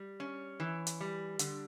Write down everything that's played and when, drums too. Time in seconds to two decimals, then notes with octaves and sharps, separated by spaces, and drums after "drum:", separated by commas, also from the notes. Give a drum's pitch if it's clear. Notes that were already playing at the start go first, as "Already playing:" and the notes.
Already playing: G3
0.20 C#4
0.60 E3
0.87 drum: hi-hat
1.01 G3
1.39 D3, drum: hi-hat